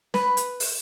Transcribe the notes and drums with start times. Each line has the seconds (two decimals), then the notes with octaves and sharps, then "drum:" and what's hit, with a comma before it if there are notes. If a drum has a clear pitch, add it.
0.14 B4, drum: snare
0.37 drum: hi-hat
0.60 drum: open hi-hat